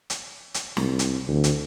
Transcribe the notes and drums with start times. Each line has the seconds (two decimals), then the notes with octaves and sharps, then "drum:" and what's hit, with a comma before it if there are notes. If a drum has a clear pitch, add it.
0.10 drum: hi-hat
0.54 drum: hi-hat
0.77 C2, drum: snare
0.99 drum: hi-hat
1.28 D2
1.44 drum: hi-hat